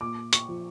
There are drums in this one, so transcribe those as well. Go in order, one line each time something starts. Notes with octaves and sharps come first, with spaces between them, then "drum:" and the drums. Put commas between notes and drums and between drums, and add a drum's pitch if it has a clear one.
A#2 D6
C#6, drum: hi-hat
F3